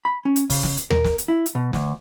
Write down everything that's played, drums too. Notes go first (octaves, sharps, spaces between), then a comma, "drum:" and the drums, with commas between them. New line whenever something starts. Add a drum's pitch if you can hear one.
B5
C#4
drum: hi-hat
C#3, drum: kick, open hi-hat
drum: snare
drum: hi-hat
A#4, drum: tom D#2
drum: snare
drum: hi-hat
E4
drum: hi-hat
B2
D2, drum: snare